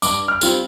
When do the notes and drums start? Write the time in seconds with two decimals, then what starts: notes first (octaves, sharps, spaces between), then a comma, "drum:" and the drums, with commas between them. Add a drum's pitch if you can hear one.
0.02 G2 D6, drum: tambourine
0.28 F6
0.41 G3 C4 F4, drum: tambourine